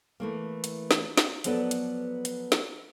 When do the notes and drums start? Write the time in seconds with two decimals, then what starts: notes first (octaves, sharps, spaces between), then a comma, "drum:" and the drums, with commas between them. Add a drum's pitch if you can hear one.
0.20 E3 A3 A#3
0.64 drum: hi-hat
0.91 drum: snare
1.17 drum: snare
1.44 F3 F#3 B3 A4 B4 D5, drum: hi-hat
1.71 drum: hi-hat
2.25 drum: hi-hat
2.52 drum: snare